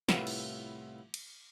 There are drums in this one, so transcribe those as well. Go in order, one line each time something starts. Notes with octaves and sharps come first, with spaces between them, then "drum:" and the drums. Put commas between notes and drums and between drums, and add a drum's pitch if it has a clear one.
C2 A2 B3 F4 F5, drum: snare
drum: cymbal
drum: cymbal